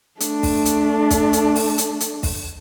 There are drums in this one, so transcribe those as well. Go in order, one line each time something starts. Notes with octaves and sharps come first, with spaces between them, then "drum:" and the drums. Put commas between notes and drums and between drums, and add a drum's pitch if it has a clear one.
A3 D4, drum: hi-hat
drum: kick, open hi-hat
drum: hi-hat
drum: kick, hi-hat
drum: hi-hat
drum: open hi-hat
drum: hi-hat
drum: hi-hat
drum: kick, open hi-hat